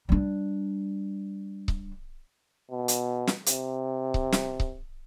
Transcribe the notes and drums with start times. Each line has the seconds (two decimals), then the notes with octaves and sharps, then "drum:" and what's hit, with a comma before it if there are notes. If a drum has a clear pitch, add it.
0.09 G3 D4
1.68 drum: kick C#1
2.71 B2
2.88 drum: hi-hat
3.27 drum: snare
3.46 C3, drum: hi-hat
4.14 drum: kick C#1
4.32 drum: snare
4.60 drum: kick C#1